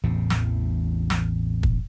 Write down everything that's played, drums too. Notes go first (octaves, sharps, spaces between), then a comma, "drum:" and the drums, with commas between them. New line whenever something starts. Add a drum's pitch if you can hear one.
A1 E2 A2 C3
drum: snare
drum: snare
drum: kick